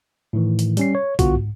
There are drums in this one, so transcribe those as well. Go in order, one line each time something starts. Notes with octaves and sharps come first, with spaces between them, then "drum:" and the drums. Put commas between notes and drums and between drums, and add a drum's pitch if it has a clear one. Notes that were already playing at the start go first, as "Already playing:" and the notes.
A2 D#3 E3
drum: hi-hat
G3 C#4 C7, drum: hi-hat
C#5
C2 D3 B3 F4 F#4, drum: kick A#1, hi-hat
G#2